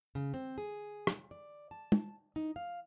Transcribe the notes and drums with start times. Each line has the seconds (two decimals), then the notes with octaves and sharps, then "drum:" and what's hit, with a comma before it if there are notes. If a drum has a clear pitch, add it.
0.15 C#3
0.34 C4
0.58 G#4
1.07 drum: rim click
1.31 D5
1.71 A5
1.92 drum: tom
2.36 D#4
2.56 F5